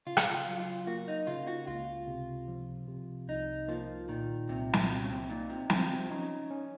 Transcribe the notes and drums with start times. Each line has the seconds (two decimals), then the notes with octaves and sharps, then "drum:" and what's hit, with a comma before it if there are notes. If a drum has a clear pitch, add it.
0.07 C#3 F4
0.17 drum: rim click
0.33 F4
0.46 F#3
0.60 F4
0.87 A#3 F#4
1.08 D#4
1.27 C#3 F4
1.47 F#4
1.67 C#2 F4
2.08 C3
2.48 F3
2.88 C3
3.28 C2 D#4
3.68 F3 A#3
4.09 A#2 D#3
4.49 C2 C3
4.73 drum: snare
4.90 C3 A#3
5.03 C#3
5.10 C3
5.29 A#2 D#4
5.50 C3
5.70 C3 F3, drum: snare
6.10 C#3 D#4
6.51 C#4